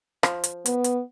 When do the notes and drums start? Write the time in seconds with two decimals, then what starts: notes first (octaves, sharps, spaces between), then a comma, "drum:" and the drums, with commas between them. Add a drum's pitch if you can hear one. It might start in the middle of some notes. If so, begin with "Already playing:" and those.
0.23 F3, drum: rim click
0.44 drum: hi-hat
0.66 B3, drum: hi-hat
0.84 drum: hi-hat